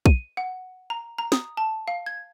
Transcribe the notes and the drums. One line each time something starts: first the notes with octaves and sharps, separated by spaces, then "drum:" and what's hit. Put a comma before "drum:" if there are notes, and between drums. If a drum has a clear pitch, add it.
D#7, drum: kick
F#5
A#5
A#5
D#6, drum: snare
A5
F5
G#6